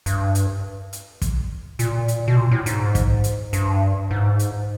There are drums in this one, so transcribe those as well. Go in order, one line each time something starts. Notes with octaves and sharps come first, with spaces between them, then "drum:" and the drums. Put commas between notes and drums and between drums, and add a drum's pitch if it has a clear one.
G2, drum: hi-hat
drum: hi-hat
drum: hi-hat
drum: kick, hi-hat
A#2, drum: hi-hat
drum: hi-hat
B2
A#2
A2
G#2, drum: hi-hat
drum: kick, hi-hat
drum: hi-hat
G2, drum: hi-hat
G#2
drum: hi-hat